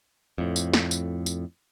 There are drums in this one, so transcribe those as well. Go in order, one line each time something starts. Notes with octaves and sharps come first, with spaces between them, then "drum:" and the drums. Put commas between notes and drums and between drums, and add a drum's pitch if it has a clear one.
F2 A2
drum: tambourine
drum: snare
drum: tambourine
drum: tambourine